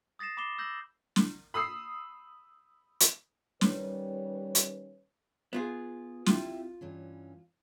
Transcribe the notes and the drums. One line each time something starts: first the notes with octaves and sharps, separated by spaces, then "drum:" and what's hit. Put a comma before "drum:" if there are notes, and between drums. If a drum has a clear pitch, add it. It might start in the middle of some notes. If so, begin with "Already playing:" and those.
D#6 A6 A#6 C7 E7
B5 D6 C7 E7 G7
E6 G6 A#6 F#7
drum: snare
B5 D#6 E6 C7
drum: hi-hat
D#3 G3 C#4 B4 C#5, drum: snare
drum: hi-hat
B3 F4 G#4
C4 E4 F4 G4, drum: snare
G2 E3 C#4